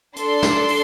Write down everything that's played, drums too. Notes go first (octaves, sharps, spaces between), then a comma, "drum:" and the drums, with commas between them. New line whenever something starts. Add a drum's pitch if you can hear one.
D4 A4 C6, drum: hi-hat
drum: snare
drum: open hi-hat